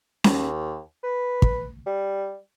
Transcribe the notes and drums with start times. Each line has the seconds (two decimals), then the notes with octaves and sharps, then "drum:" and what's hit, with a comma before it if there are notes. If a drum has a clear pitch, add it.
0.24 D#2, drum: snare C#4
1.03 B4
1.42 drum: kick
1.86 G3